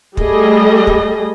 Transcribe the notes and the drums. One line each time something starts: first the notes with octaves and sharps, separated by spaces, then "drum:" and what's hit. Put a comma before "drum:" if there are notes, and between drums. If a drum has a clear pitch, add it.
G3 A3 G#4 D#5, drum: kick
drum: kick